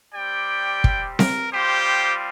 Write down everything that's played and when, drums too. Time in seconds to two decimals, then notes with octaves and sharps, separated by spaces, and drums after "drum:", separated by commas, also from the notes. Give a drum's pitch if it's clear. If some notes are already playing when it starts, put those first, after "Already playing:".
0.15 G3 C4 G4 D5 G5
0.84 drum: kick
1.19 A#4, drum: snare C4
1.53 G3 C4 F4 G4 C5